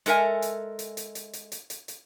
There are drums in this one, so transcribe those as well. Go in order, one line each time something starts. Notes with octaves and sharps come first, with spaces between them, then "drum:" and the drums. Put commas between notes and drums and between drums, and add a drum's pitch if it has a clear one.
G#3 A4 A#4 E5 G#5, drum: hi-hat
drum: hi-hat
drum: hi-hat
drum: hi-hat
drum: hi-hat
drum: hi-hat
drum: hi-hat
drum: hi-hat
drum: hi-hat